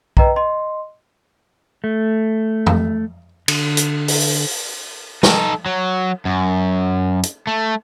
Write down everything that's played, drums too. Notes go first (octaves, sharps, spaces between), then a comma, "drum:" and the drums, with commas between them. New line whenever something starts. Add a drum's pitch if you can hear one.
B4 D#5 G5 A#5, drum: kick
D#5 C6
A3
drum: tom F2
D3, drum: cymbal
drum: hi-hat
drum: open hi-hat
D#4 A4, drum: snare
F#3
F#2
drum: hi-hat
A3